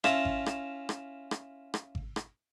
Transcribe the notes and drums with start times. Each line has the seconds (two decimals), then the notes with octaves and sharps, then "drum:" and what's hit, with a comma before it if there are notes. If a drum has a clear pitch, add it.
0.04 C#4 E4 F4 E5 A5 A#5, drum: rim click
0.25 drum: kick G#1
0.46 drum: rim click
0.89 drum: rim click
1.31 drum: rim click
1.74 drum: rim click
1.95 drum: kick G#1
2.16 drum: rim click